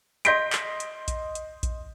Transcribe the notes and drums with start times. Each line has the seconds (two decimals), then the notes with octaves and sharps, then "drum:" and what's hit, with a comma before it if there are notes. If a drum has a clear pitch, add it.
0.25 D#5 C6 G6 A#6 B6 D7, drum: hi-hat
0.53 drum: clap
0.80 drum: hi-hat
1.08 drum: kick A#1, hi-hat
1.35 drum: hi-hat
1.63 drum: kick A#1, hi-hat